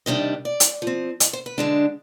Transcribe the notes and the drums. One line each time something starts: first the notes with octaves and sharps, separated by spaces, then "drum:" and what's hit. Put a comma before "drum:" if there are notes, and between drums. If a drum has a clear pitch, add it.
C3 D#3 G3 D4 D#5
D5
drum: hi-hat
F3
C4
D#5, drum: hi-hat
C5
B4
D3 G#3 D4